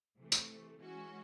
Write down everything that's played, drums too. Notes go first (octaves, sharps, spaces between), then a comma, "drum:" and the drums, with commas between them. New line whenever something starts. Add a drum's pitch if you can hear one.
C3 E3 A3
drum: tambourine
E3 G#3 C#4 F#4